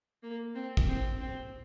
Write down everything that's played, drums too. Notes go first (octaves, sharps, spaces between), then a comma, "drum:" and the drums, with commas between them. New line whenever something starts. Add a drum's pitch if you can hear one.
A#3
C4
drum: kick
C4
C4